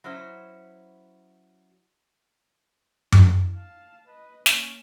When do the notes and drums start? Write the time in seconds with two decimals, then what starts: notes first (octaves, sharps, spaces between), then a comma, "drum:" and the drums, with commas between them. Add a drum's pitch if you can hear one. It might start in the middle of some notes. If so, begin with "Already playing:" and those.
0.04 F#3 C#4 E4 C5
3.12 E4, drum: tom F#2
3.55 F5 A5
4.07 B4 D#5
4.46 A#3 C#4, drum: snare